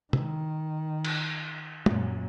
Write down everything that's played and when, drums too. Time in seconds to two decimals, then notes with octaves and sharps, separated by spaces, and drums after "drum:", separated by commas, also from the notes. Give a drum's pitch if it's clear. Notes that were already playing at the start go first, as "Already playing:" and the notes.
0.13 D#3, drum: tom
1.05 drum: cymbal
1.86 F#2 A#2, drum: tom